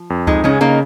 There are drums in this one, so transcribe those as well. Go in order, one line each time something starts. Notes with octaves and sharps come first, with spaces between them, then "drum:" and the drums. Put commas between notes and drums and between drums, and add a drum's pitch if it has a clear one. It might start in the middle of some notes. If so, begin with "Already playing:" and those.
Already playing: F3
F2
G#3 D#4, drum: kick C#2
C#3 G#3 C#4
C#3 A#3 D#4